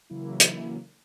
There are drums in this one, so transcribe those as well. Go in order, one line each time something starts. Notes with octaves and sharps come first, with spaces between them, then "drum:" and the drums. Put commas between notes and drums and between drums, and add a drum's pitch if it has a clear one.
C#3 E3 F#3 A#3 E4
drum: hi-hat